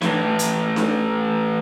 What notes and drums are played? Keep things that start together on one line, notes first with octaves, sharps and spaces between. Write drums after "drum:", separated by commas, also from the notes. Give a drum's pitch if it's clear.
A2 E3, drum: snare D4
drum: hi-hat
drum: snare D4